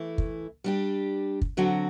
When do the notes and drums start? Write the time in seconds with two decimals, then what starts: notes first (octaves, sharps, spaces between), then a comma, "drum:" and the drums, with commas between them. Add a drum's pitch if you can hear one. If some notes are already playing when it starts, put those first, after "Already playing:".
Already playing: E3 A3 E4
0.18 drum: kick
0.64 G3 D4 G4
1.41 drum: kick
1.57 D3 F#3 C4 F#4